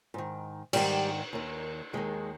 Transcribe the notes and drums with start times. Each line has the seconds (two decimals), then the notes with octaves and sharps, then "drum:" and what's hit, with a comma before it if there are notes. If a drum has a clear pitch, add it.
0.14 G#2 D#3
0.73 G#2 D#3 G3, drum: cymbal
1.33 D#2 D#3
1.93 D#2 D#3 G#3